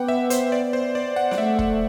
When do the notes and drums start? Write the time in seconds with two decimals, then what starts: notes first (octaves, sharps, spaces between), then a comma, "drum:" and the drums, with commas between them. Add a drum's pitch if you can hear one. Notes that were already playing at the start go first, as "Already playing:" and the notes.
Already playing: B3 F#5 G5 D6
0.08 E5
0.30 C5, drum: hi-hat
0.52 D5
0.73 C5
0.95 D5
1.16 F#5
1.31 D5, drum: snare
1.37 A3 E5
1.59 F#5, drum: kick